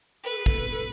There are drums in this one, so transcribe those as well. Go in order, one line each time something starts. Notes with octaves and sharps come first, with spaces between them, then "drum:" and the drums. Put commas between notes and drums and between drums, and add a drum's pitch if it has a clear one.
A#4 B4
A4
G#4
A4, drum: kick
A4